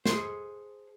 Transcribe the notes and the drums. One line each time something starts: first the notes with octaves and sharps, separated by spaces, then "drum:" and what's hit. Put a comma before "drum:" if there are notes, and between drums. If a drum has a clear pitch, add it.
G#4 A4 C5, drum: snare